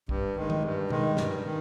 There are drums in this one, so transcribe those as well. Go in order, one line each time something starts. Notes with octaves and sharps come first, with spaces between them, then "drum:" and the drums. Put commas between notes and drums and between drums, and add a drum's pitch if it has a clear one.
G2, drum: kick
D#3 G#3
drum: tom D#3
G2
D#3 G#3, drum: tom B2
G2, drum: snare
D#3